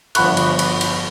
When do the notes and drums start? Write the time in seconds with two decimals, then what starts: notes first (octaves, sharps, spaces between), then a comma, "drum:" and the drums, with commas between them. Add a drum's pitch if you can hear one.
0.15 G1 F3 F#5 B5 C#6 F#6, drum: cymbal
0.37 drum: cymbal
0.59 drum: cymbal
0.81 drum: cymbal